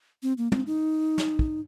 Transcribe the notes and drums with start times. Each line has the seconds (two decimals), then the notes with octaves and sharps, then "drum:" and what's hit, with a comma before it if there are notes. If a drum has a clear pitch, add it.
0.23 C4
0.38 A#3
0.52 C4, drum: tom
0.67 D#4
1.18 drum: snare
1.39 drum: kick